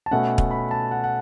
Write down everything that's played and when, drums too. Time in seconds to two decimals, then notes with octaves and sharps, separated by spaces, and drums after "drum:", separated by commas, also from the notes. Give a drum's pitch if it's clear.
0.06 A5
0.11 B2 A3 C#4 F#5
0.38 drum: kick
0.51 B5
0.71 A5
0.91 F#5
1.04 F#5